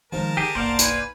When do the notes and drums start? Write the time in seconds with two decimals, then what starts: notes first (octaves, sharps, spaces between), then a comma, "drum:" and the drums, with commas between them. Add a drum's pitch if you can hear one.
0.12 D#3 F3 G#3 D#4 A#4 A5
0.37 D3 G4 G#4
0.55 F#1 B1 A#3 C5 D5 F5 F#5
0.79 B4 G#5, drum: hi-hat